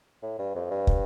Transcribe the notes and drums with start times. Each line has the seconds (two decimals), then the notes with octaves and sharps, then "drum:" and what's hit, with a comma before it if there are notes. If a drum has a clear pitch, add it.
0.22 A2
0.39 G2
0.55 F2
0.71 G2
0.87 drum: kick